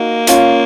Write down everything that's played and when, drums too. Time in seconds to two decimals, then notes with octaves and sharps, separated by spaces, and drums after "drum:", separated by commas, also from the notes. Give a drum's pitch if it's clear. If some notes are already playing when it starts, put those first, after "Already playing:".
Already playing: A#3 D#4 F#4
0.27 C#4 F4, drum: hi-hat